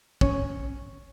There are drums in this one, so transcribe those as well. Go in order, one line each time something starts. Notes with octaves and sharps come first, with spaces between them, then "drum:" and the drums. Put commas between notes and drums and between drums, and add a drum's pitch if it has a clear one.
C#4, drum: kick